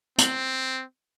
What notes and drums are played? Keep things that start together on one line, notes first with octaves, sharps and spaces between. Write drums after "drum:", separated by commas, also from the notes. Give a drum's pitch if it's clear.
C4, drum: hi-hat